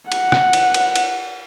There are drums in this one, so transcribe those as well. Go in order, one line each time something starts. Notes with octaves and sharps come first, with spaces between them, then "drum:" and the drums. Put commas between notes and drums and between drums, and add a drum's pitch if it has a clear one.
F#5, drum: cymbal
drum: rim click
drum: cymbal
drum: cymbal
drum: cymbal